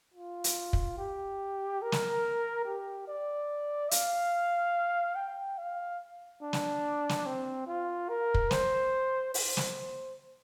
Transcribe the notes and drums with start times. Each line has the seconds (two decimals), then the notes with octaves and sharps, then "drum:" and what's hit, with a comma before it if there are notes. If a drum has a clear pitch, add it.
0.14 F4
0.44 drum: hi-hat
0.73 drum: kick
0.98 G4
1.82 A#4
1.92 drum: snare
2.65 G4
3.08 D5
3.91 F5, drum: hi-hat
5.16 G5
5.58 F5
6.42 D4
6.53 drum: snare
7.09 drum: snare
7.26 C4
7.67 F4
8.09 A#4
8.34 drum: kick
8.51 C5, drum: snare
9.34 C5, drum: open hi-hat
9.57 drum: snare